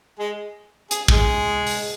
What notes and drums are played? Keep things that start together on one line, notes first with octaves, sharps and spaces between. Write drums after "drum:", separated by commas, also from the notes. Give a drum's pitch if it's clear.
G#3 G#4
G#4, drum: hi-hat
G#3 G#4, drum: kick
drum: open hi-hat